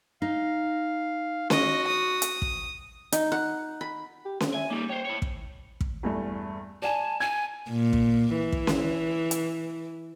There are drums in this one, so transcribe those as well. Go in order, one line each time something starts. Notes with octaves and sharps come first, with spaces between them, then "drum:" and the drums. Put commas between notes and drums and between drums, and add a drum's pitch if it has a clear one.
D#4 F5
F#4 D#5, drum: snare C#4
D#6
drum: hi-hat
drum: kick
D#4, drum: hi-hat
F#5
B5
G4
C4, drum: snare C#4
E5 G#5
G3 A#3 D#4
C5 C#5 G5
E4 C#5
drum: kick
drum: kick
E2 G2 A3
D5 G#5 A5
G#5 G#6
A#2
drum: kick
E3
drum: kick
drum: snare C#4
drum: hi-hat